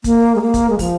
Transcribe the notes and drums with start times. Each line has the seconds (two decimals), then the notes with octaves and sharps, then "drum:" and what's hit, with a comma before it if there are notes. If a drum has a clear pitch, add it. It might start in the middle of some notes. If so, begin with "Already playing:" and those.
0.04 A#3, drum: kick, hi-hat
0.36 G#3
0.42 A#3
0.54 drum: kick, hi-hat
0.70 G#3
0.79 F3, drum: kick, open hi-hat